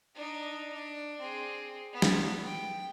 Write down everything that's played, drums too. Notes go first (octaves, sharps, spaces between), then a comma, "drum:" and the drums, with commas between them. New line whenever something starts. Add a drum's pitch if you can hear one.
D4 D#4
D4
C4 G#4
B3
drum: snare
G5